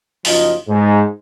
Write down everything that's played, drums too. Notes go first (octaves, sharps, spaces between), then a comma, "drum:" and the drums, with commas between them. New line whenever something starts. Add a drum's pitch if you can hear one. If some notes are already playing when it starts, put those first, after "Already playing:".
F#1 F3 D#4 F4 D#5, drum: open hi-hat
G#2